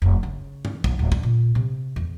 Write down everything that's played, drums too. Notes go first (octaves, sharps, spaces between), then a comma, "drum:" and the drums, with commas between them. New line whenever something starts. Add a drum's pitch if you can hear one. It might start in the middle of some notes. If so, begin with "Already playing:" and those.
F1
C#3
drum: tom G2
A#1, drum: kick
D1
D4, drum: kick
A#2
C3
E2